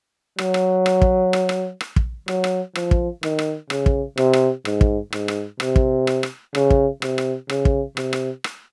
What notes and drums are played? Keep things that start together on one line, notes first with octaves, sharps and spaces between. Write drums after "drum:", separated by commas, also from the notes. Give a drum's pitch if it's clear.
F#3, drum: rim click
drum: rim click
drum: rim click
drum: kick
drum: rim click
drum: rim click
drum: rim click
drum: kick
F#3, drum: rim click
drum: rim click
F3, drum: rim click
drum: kick
D#3, drum: rim click
drum: rim click
C#3, drum: rim click
drum: kick
C3, drum: rim click
drum: rim click
G#2, drum: rim click
drum: kick
G#2, drum: rim click
drum: rim click
C3, drum: rim click
drum: kick
drum: rim click
drum: rim click
C#3, drum: rim click
drum: kick
C3, drum: rim click
drum: rim click
C#3, drum: rim click
drum: kick
C3, drum: rim click
drum: rim click
drum: rim click